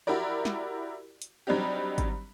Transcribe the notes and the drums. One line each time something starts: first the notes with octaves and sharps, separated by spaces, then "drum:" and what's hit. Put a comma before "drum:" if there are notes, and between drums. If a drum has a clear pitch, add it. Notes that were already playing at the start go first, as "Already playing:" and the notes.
E4 F#4 G4 A#4 D5
drum: snare
drum: hi-hat
F#3 G3 C4 D4 D#4 G4
drum: kick G#1, hi-hat